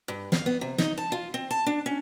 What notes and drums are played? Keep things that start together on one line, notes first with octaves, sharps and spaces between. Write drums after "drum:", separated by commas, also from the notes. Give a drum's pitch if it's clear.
G2
F5, drum: snare
B3
C3
D#4, drum: snare
A5
F4
C4
A5
D4
C#4